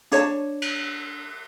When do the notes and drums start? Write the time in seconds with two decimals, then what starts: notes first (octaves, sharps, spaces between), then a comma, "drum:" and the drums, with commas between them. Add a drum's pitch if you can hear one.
0.12 D4 C#5 D5 A5, drum: hi-hat
0.62 drum: cymbal